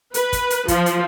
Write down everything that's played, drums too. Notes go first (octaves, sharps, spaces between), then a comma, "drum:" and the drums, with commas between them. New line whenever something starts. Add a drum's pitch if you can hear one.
B4, drum: hi-hat
drum: kick, hi-hat
drum: hi-hat
F3, drum: kick, hi-hat
drum: hi-hat